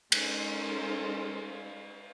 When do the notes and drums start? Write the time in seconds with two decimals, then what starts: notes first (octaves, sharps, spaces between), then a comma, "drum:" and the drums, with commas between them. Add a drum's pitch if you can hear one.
0.12 G#3 C#4 D#4 A4 A#4 C5, drum: cymbal